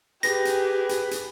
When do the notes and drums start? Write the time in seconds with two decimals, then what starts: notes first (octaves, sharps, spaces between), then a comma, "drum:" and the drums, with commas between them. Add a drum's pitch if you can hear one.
0.23 G4 G#4 B4 A#6, drum: hi-hat
0.45 drum: hi-hat
0.89 drum: hi-hat
1.11 drum: hi-hat